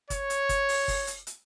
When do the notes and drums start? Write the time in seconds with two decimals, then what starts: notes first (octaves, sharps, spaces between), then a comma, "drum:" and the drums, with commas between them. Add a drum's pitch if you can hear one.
0.10 C#5, drum: kick, hi-hat
0.30 drum: hi-hat
0.49 drum: kick, hi-hat
0.69 drum: open hi-hat
0.88 drum: kick, open hi-hat
1.07 drum: hi-hat
1.27 drum: hi-hat